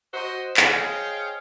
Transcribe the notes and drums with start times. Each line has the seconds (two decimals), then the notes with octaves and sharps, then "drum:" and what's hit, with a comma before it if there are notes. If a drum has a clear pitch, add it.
0.13 F#4 C5 D#5
0.57 G#4 C5 C#5 D#5 F5 G5, drum: clap